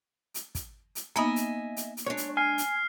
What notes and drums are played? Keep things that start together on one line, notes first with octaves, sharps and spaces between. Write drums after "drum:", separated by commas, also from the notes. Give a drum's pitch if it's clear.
drum: hi-hat
drum: kick, hi-hat
drum: hi-hat
A#3 B3 D#4 D#5 E5 G#5
drum: hi-hat
drum: hi-hat
drum: hi-hat
G#3 D4 C#5
drum: hi-hat
G#5 F6 C7
drum: hi-hat